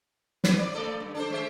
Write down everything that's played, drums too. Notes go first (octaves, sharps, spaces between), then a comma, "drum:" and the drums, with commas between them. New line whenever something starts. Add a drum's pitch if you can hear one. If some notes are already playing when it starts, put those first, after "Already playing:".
B4 C5, drum: snare
D5
A3 A4 D5
G2
D4 A4 C5
G#3 C5 E5